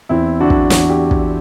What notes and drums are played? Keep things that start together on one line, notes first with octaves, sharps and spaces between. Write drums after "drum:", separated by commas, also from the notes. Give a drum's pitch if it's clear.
E2 C4 E4
D3 D4 F#4
drum: kick
E2 D4 F#4, drum: snare
G4
drum: kick